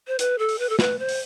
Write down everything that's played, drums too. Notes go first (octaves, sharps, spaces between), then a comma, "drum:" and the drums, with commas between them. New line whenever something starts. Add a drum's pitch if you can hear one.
C5
B4, drum: hi-hat
A4
drum: open hi-hat
B4
A4
B4, drum: snare
C5
drum: open hi-hat